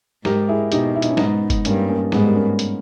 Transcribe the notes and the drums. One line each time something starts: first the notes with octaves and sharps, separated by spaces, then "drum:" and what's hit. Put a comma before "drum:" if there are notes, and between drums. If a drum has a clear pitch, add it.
G#2 G4 A#4, drum: snare
E4 G#4
B2 D#4 G4, drum: hi-hat
E4
D#4, drum: hi-hat
C#4
G#2 B3 D#4, drum: snare
drum: kick F#1, hi-hat
G2 A#3 C#4, drum: hi-hat
A#3 C#4
G#2 G#3 B3, drum: snare
G3 A#3
A#3 C#4
drum: hi-hat